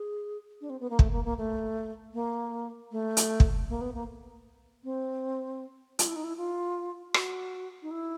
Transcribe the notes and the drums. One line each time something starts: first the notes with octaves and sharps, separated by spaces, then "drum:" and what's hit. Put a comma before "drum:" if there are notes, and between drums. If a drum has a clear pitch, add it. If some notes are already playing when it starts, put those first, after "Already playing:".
Already playing: G#4
D4
C4
B3
A#3
A3, drum: kick
A#3
A#3
A3
A#3
A3
drum: hi-hat
drum: kick
A#3
B3
A#3
C4
F4, drum: hi-hat
E4
D#4
E4
F4
F#4, drum: rim click
D#4
E4